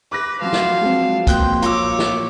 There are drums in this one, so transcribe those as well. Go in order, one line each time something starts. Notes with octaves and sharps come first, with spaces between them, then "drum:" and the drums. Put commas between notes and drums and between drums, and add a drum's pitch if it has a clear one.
B4 D6 F#6 A#6
F3 F#3 C#4 F5 A5
drum: snare
G#3 B3 C4
A#2 F3 G5 F#6, drum: kick, hi-hat
F4 C#5 A#5 D6 E6, drum: hi-hat
drum: snare